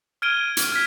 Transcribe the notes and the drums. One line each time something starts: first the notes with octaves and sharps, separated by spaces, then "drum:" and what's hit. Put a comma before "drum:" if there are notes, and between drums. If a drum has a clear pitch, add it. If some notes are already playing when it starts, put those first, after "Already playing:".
F6 G#6 D7 D#7 G7
drum: hi-hat
F6 G#6 B6